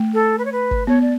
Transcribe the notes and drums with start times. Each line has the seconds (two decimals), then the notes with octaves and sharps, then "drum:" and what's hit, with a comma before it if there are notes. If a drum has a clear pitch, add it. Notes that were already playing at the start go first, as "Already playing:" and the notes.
Already playing: A3
0.13 A4
0.38 B4
0.45 C#5
0.52 B4
0.71 drum: kick
0.87 B3 C#5
1.01 D5